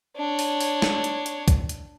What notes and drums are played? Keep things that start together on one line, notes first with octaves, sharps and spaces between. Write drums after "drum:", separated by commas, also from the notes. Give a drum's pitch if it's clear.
D4 C#5
drum: open hi-hat
drum: open hi-hat
drum: snare
drum: hi-hat
drum: hi-hat
drum: kick, hi-hat
drum: hi-hat